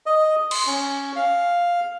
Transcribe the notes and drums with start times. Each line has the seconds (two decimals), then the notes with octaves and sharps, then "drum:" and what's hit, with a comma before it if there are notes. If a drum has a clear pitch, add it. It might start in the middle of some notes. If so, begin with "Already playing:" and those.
0.06 D#5
0.51 C6, drum: cymbal
0.67 C#4
1.16 F5